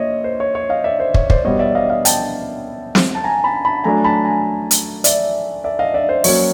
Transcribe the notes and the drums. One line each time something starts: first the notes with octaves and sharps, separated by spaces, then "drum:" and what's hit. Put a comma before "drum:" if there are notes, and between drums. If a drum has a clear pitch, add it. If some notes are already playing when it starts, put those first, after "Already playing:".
Already playing: A#2 A#3 C#5 D#5 E5
C5
C#5
C#5
D#5 F5
D5 E5
C5
C#5, drum: kick
C5 D5, drum: kick
B2 G3 B3 C#5 D#5
D5 E5
D#5 F5
D#5 F5
G5 A5, drum: hi-hat
drum: snare
A5
G#5 A#5
A5 B5
A5 B5
F#3 A3 D4 G#5 A#5
A5 B5
G#5 A#5
drum: hi-hat
D5 E5, drum: hi-hat
D5 E5
D#5 F5
D5 E5
C5
F#3 A#3 C#4 C#5, drum: open hi-hat